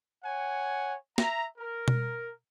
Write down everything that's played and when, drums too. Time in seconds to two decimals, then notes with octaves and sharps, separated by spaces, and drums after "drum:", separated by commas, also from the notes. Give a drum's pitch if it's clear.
0.24 C#5 F#5 G#5
1.18 E5 A#5, drum: snare
1.58 A#4
1.88 drum: tom B2